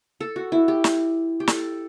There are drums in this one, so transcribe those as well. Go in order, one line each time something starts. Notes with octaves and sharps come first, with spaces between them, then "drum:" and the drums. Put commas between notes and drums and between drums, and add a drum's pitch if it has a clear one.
A4
F#4
E4
G4
drum: snare
G4
A4, drum: snare